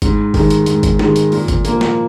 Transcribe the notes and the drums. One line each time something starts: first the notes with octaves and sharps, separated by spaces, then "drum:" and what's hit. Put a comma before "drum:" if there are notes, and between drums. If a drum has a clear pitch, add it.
G#2, drum: kick G1, hi-hat
D#3 G#3, drum: kick G1, open hi-hat
drum: hi-hat
G#2, drum: hi-hat
drum: kick G1, hi-hat
D#3 G#3, drum: snare
drum: hi-hat
A#2, drum: open hi-hat
drum: kick G1, hi-hat
F3 A#3 F4, drum: hi-hat
drum: snare